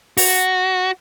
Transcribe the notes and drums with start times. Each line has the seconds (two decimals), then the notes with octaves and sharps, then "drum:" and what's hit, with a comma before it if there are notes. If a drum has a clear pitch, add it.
0.17 F#4, drum: open hi-hat